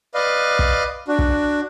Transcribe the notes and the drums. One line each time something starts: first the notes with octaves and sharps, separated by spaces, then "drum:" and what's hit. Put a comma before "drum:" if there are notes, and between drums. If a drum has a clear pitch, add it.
B4 D5 D#5 F5
drum: kick
D4 F#4
drum: kick